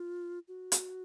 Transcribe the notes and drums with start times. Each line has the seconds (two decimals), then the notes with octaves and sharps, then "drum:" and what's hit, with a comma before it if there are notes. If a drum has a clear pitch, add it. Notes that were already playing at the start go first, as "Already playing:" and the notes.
Already playing: F4
0.48 F#4
0.72 drum: hi-hat